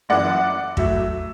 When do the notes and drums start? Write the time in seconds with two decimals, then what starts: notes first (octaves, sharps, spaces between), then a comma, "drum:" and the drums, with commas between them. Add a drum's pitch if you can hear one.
0.09 F#1 F#2 E3 D5 F#5
0.77 A2 F#3 A3 E5, drum: kick